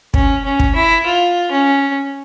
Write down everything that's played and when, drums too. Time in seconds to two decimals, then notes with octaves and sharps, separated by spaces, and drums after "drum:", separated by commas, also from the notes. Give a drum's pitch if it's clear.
0.14 C#4, drum: kick
0.44 C#4
0.60 drum: kick
0.75 E4
1.06 F4
1.51 C#4